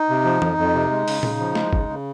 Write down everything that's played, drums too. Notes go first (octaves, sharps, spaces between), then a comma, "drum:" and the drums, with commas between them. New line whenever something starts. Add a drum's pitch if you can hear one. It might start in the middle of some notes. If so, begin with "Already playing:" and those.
Already playing: D#4
C3
F3
F2, drum: tom E3
F2
C3
G#3
C#3, drum: open hi-hat
C#3, drum: tom A#2
F3
G#3, drum: snare
C#3, drum: kick
C#3